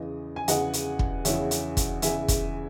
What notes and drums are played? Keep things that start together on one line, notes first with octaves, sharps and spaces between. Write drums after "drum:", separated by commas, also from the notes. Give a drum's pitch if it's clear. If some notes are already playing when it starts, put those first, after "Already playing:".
Already playing: E2 C#3 E3 D#5
G#5
E2 C#3 E3 D#5 F#5, drum: hi-hat
drum: hi-hat
drum: kick
E2 C#3 E3 C#5 E5, drum: hi-hat
drum: hi-hat
drum: kick, hi-hat
E2 C#3 E3 E5 G#5, drum: hi-hat
drum: kick, hi-hat